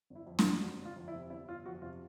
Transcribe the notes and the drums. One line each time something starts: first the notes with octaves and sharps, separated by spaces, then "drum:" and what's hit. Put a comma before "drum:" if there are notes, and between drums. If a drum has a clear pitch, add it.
G1
E4
F2
F4, drum: snare
C3
G1 F#4
G1
F4
F2
E4
C3
G1 E4
G1 F4
F2 F#4
C3 F4